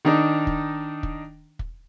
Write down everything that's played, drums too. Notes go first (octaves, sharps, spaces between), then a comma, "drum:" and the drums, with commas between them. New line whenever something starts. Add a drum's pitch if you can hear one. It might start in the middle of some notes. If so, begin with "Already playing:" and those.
D#3 D4 D#4
drum: kick
drum: kick
drum: kick